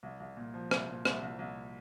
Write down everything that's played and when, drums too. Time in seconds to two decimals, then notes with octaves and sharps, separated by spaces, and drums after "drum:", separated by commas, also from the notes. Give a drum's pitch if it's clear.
0.03 C2
0.20 C2
0.37 A#2
0.54 F3
0.71 C2, drum: rim click
0.88 A#2
1.05 C2, drum: rim click
1.22 C2
1.39 C2